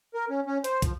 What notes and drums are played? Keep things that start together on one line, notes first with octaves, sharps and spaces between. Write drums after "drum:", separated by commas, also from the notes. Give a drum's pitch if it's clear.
A#4
C#4
C#4
C5, drum: hi-hat
F3, drum: kick, hi-hat